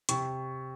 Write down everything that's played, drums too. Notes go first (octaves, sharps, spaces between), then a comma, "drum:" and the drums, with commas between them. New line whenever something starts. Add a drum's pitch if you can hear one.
C3 C#6, drum: hi-hat